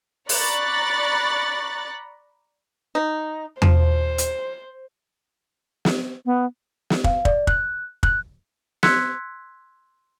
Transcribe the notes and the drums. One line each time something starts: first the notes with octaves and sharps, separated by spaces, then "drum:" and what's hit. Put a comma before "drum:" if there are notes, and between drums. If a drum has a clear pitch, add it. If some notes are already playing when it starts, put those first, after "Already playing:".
D5 A#5 B5 C#6 F#6 A6, drum: open hi-hat
D#4
F3 C5, drum: tom E2
drum: hi-hat
drum: snare
B3
drum: snare
F5, drum: kick
D5, drum: kick
F#6, drum: kick
F#6, drum: kick
C6 E6 F#6 G#6 B6 C#7, drum: snare